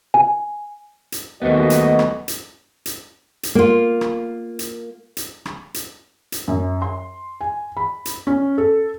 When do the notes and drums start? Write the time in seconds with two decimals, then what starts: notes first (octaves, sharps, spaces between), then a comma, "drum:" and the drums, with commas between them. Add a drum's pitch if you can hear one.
0.14 G#5
1.12 drum: hi-hat
1.42 D#2 F#3 A3 B3 F#4 D#5
1.70 drum: hi-hat
1.99 drum: rim click
2.28 drum: hi-hat
2.86 drum: hi-hat
3.43 drum: hi-hat
3.55 A#3 F4
4.01 drum: rim click
4.59 drum: hi-hat
5.17 drum: hi-hat
5.46 drum: rim click
5.74 drum: hi-hat
6.32 drum: hi-hat
6.48 F#2
6.82 C6
7.41 G#5
7.77 B5
8.05 drum: hi-hat
8.27 C#4
8.58 A4